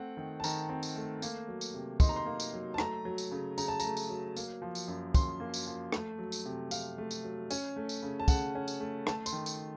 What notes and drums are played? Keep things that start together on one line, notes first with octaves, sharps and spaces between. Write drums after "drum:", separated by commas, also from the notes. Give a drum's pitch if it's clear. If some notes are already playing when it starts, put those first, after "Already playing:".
Already playing: A3 C4 F#5
D#3
A5
D#3 A#5, drum: tambourine
C4
drum: tambourine
A3
A#3, drum: tambourine
F#3
drum: tambourine
C3
D#4 C6, drum: kick, tambourine
A#5
C6
A#3
drum: tambourine
F#3
A5
A3 A#5, drum: rim click
F#3
drum: tambourine
C#3
C#3 A#5, drum: tambourine
A5
A3 A#5, drum: tambourine
drum: tambourine
F#3
A#3, drum: tambourine
F3
drum: tambourine
F#2
C#4 C6, drum: kick, tambourine
A#3
drum: tambourine
F3
A3, drum: rim click
F#3
drum: tambourine
C3
C3 F5, drum: tambourine
A3
drum: tambourine
F#3
C#4, drum: tambourine
A3
drum: tambourine
C#3
A5
C#3 F#5, drum: kick, tambourine
C#4
drum: tambourine
A3
A3 A5, drum: rim click
C6, drum: tambourine
D#3
drum: tambourine